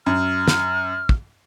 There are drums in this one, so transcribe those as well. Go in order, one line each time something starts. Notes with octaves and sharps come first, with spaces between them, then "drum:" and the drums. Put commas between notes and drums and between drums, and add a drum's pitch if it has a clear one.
F#2 F6
drum: snare
drum: kick